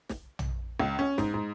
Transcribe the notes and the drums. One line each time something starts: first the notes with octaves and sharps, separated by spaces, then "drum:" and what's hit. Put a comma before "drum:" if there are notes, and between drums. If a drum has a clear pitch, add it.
drum: snare
drum: tom
C#2
C#4
G#2, drum: snare
G#2